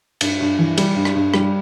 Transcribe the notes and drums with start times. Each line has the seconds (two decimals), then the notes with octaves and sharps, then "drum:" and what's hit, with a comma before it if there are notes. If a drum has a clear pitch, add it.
0.21 G2, drum: cymbal
0.41 G2
0.59 E3
0.78 G3, drum: cymbal
0.95 G2
1.05 drum: rim click
1.15 G2
1.34 G3, drum: rim click